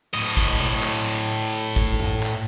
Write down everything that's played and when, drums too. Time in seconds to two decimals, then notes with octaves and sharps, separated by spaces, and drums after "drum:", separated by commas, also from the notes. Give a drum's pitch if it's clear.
0.14 A2 D#5, drum: hi-hat
0.37 drum: kick, open hi-hat
0.60 drum: tom B2
0.83 drum: clap
1.07 drum: hi-hat
1.30 drum: hi-hat
1.76 drum: kick, open hi-hat
2.00 drum: tom F#2
2.23 drum: clap